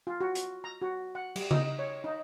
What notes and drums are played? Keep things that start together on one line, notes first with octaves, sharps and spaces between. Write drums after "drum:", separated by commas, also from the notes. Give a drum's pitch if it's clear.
F4
F#4
drum: hi-hat
A#5
F#4
F#5
G3, drum: cymbal
D#4, drum: tom C#3
C#5
D#4